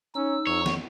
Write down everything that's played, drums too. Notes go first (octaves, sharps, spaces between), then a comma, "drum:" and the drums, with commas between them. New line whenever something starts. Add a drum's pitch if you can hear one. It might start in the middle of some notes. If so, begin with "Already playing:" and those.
C#4 D#4 E6
F2 C#5
drum: snare